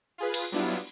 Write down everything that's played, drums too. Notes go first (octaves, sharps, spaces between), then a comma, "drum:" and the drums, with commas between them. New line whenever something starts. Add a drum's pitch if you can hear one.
F4 G#4 B4
drum: cymbal
F#3 G3 B3 D4 E4 F4